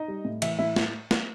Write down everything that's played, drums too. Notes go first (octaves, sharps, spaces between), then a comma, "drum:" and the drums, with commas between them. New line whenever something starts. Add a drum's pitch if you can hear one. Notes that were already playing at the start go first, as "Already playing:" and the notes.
Already playing: D#4 D#5
G3
A2
E3 E5, drum: cymbal
A2 E4 E5
drum: snare
drum: snare